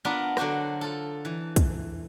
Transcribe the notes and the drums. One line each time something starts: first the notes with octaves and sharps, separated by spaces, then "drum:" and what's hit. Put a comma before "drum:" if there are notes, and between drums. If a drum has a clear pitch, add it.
B3 D4 F4 A#4
D3 F#3 D4 F#4 C5, drum: rim click
F4 A4
E3
drum: kick, hi-hat